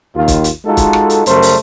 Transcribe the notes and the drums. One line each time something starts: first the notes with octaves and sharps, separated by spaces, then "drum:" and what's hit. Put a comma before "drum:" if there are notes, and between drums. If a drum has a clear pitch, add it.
D#2 F4
drum: kick, hi-hat
drum: hi-hat
G#3 D#4 F4 F#4 A4
drum: kick, hi-hat
drum: rim click
drum: hi-hat
F#2 C#3 G3 A3 A#4 C5, drum: hi-hat
drum: open hi-hat